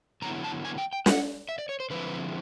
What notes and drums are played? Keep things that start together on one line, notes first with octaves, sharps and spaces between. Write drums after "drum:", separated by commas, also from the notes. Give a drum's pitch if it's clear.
D3 F#3 B3 E4 A#5
A5
G#5
G5
G5
F#5, drum: snare
E5
D5
C#5
C5
D3 F3 G#3 C4 E4 B4